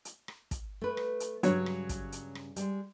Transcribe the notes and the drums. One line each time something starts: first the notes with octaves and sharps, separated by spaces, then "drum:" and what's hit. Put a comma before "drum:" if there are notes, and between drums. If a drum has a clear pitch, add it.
drum: hi-hat
drum: rim click
drum: kick, hi-hat
A3 B4
drum: rim click
drum: hi-hat
G2 C#3 F#3 G3 C#5, drum: hi-hat
drum: rim click
drum: kick, hi-hat
drum: hi-hat
drum: rim click
G3 G#3, drum: hi-hat